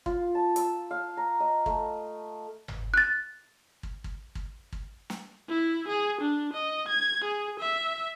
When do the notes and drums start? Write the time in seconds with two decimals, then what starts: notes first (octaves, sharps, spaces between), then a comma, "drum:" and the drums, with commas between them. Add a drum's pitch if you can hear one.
0.06 F4, drum: kick
0.35 A5
0.56 E6, drum: hi-hat
0.91 F5
1.17 A#5
1.40 D#5
1.66 A3, drum: kick
2.68 drum: tom G1
2.94 F#6 A6
3.83 drum: kick
4.04 drum: kick
4.35 drum: kick
4.72 drum: kick
5.10 drum: snare
5.49 E4
5.88 G#4
6.21 D4
6.53 D#5
6.88 G#6
7.25 G#4
7.60 E5